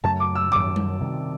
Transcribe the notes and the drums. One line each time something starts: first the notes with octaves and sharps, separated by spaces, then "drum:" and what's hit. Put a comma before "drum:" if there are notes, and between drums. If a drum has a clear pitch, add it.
F#2 C#3 F#3 A3 A5
D6
E6
F#2 D#3 F#3 D6, drum: tom G#2
drum: tom G3
C3 D#3 G3